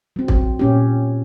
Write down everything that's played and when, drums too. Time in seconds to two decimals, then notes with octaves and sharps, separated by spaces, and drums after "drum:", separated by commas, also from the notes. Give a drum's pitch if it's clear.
0.16 F#3 C4
0.28 drum: kick
0.59 A#2 C#4 G4